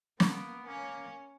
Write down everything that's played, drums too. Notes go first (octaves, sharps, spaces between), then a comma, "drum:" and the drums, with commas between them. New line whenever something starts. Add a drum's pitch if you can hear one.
A#3 B3, drum: snare
A#3 C#4